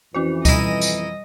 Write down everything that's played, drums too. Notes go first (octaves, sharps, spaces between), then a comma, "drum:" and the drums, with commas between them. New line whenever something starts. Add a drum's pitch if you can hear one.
F2 E3 C#4 F#4 C5
G3 D#4 E4 D#5, drum: kick D2, tambourine
drum: tambourine